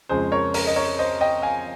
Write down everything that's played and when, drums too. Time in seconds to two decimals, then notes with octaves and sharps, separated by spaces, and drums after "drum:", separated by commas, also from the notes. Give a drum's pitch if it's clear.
0.09 F2 C#3 G#3 G#4 C5
0.32 A#4 C#5
0.54 A#4 C#5, drum: open hi-hat
0.67 D#5
0.76 A#4 C#5
0.99 C5 D#5
1.21 D#5 G5
1.42 F5 G#5